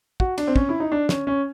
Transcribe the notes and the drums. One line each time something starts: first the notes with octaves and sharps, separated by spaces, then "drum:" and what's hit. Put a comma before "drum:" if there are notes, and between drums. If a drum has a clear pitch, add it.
F#4, drum: kick
D4, drum: cymbal
C4
C#4, drum: kick
E4
D#4
D4
C#4, drum: snare
C#4